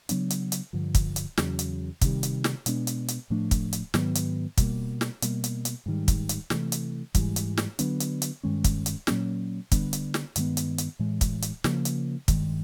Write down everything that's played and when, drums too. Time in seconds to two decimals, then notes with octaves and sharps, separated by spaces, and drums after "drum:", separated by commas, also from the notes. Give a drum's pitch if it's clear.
0.09 C#3 F#3 B3 D4, drum: hi-hat
0.30 drum: hi-hat
0.52 drum: hi-hat
0.73 G2 D3 F3
0.95 drum: kick, hi-hat
1.16 drum: hi-hat
1.37 E2 C#3 F#3, drum: snare
1.59 drum: hi-hat
2.01 C3 D#3 G3, drum: kick, hi-hat
2.23 drum: hi-hat
2.44 drum: snare
2.66 B2 G#3 B3 D4, drum: hi-hat
2.87 drum: hi-hat
3.08 drum: hi-hat
3.30 A2 F3 A3 D4
3.51 drum: kick, hi-hat
3.73 drum: hi-hat
3.94 G#2 D#3 F#3 B3, drum: snare
4.15 drum: hi-hat
4.58 B2 G3 A#3, drum: kick, hi-hat
5.01 drum: snare
5.22 B2 G3 A#3, drum: hi-hat
5.44 drum: hi-hat
5.65 drum: hi-hat
5.86 G#2 D#3 G3
6.08 drum: kick, hi-hat
6.29 drum: hi-hat
6.50 C3 E3 A3, drum: snare
6.72 drum: hi-hat
7.15 G#2 E3 G3, drum: kick, hi-hat
7.36 drum: hi-hat
7.57 drum: snare
7.79 D3 F#3 B3 D4, drum: hi-hat
8.00 drum: hi-hat
8.22 drum: hi-hat
8.43 G2 D#3 G#3 C#4
8.64 drum: kick, hi-hat
8.86 drum: hi-hat
9.07 A#2 F#3 A#3 C#4, drum: snare
9.72 D3 G3 B3 D4, drum: kick, hi-hat
9.93 drum: hi-hat
10.14 drum: snare
10.36 G2 D#3 G#3 B3, drum: hi-hat
10.57 drum: hi-hat
10.78 drum: hi-hat
10.99 A2 E3 G#3
11.21 drum: kick, hi-hat
11.42 drum: hi-hat
11.64 C#3 F3 A#3, drum: snare
11.85 drum: hi-hat
12.28 G2 D#3 G#3, drum: kick, hi-hat